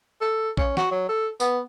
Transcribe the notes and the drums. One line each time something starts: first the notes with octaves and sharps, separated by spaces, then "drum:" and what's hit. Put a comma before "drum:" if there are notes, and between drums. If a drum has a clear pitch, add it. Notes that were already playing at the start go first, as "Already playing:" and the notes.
A4
C#4, drum: kick A#1
F#4, drum: snare
F#3
A4
B3, drum: tambourine